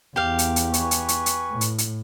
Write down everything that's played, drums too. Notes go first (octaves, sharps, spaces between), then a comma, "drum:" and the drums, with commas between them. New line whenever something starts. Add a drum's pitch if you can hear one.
E2 G4 F5
drum: hi-hat
drum: hi-hat
B4 G#5 C#6, drum: hi-hat
drum: hi-hat
drum: hi-hat
drum: hi-hat
A2
drum: hi-hat
drum: hi-hat